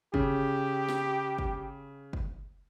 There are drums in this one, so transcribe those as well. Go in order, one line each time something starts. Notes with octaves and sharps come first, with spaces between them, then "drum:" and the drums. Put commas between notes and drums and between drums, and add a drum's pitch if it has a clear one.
C#3 G4, drum: kick
drum: snare
drum: kick
drum: kick